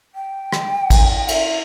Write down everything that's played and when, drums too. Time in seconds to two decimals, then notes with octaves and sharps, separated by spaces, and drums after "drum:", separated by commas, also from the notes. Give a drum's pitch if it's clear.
0.15 G5
0.53 drum: rim click
0.90 drum: kick G#1, cymbal
1.28 E5, drum: cymbal